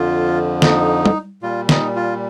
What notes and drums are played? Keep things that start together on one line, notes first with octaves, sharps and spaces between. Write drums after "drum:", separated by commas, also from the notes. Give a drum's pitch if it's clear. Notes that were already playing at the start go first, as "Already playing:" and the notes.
Already playing: F2 D3 F3 F4
D#4, drum: snare
drum: tom G3
A#2 G3 F4
D#4, drum: snare
F4